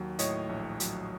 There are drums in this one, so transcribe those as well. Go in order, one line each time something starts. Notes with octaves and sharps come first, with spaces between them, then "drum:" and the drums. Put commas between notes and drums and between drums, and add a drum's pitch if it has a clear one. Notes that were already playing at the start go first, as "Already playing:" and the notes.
Already playing: D#2 F#3
A2 C#5 D#5, drum: hi-hat
A#1
F#3, drum: hi-hat